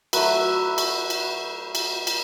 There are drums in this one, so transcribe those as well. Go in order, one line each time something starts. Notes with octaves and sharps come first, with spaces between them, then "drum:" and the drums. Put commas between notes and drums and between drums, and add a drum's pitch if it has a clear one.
F#3 A3 E4 B4, drum: cymbal
drum: cymbal
drum: cymbal
drum: cymbal
drum: cymbal